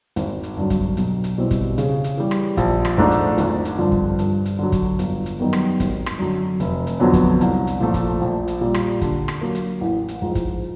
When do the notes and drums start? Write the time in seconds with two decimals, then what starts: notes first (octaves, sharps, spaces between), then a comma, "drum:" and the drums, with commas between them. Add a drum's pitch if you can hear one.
0.16 G#1, drum: hi-hat
0.43 drum: hi-hat
0.57 G2 D3 F#3
0.70 drum: kick, hi-hat
0.97 B1, drum: hi-hat
1.24 drum: hi-hat
1.38 B2 G3 C4 E4
1.51 drum: kick, hi-hat
1.78 C#3, drum: hi-hat
2.04 drum: hi-hat
2.17 E3 G3
2.31 drum: rim click
2.57 A#1, drum: kick, hi-hat
2.85 drum: rim click
2.98 G#2 F3 A3 D4
3.11 drum: hi-hat
3.38 G#1, drum: hi-hat
3.65 drum: hi-hat
3.79 G2 D3 F3
3.92 drum: kick
4.19 G2, drum: hi-hat
4.46 drum: hi-hat
4.59 D3 F#3
4.72 drum: kick, hi-hat
4.99 G1, drum: hi-hat
5.26 drum: hi-hat
5.39 F#2 D#3 G3 B3
5.53 drum: rim click
5.80 G#1, drum: kick, hi-hat
6.06 drum: rim click
6.19 F#2 D3 F#3
6.60 F1, drum: hi-hat
6.87 drum: hi-hat
7.00 F2 D3 F#3 B3
7.14 drum: kick, hi-hat
7.41 C2, drum: hi-hat
7.67 drum: hi-hat
7.80 A#2 F3 A3
7.94 drum: kick, hi-hat
8.21 A#1
8.48 drum: hi-hat
8.61 A#2 G3
8.74 drum: rim click
9.01 D3, drum: kick, hi-hat
9.28 drum: rim click
9.41 F#3 A#3
9.55 drum: hi-hat
9.81 A1
10.08 drum: hi-hat
10.22 G#2 F3
10.35 drum: kick, hi-hat